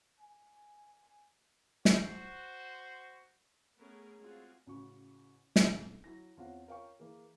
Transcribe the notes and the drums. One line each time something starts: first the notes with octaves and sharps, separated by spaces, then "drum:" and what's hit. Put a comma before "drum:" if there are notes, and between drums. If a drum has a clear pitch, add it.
G#5
F#4 C5, drum: snare
A3 B3 C#4 G#4 A#4
G#3 C4 F4 F#4 G#4
A1 C#3 F#4 C#6
E1 F2 A4, drum: snare
F#3 E4 A#6
E2 C4 F4 C#5 F#5
F4 A#4 C#5 F5 G5 C#6
E3 A#3 G#4